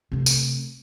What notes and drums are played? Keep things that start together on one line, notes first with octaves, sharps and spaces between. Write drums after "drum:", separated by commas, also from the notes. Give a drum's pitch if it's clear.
C3 A3
drum: tambourine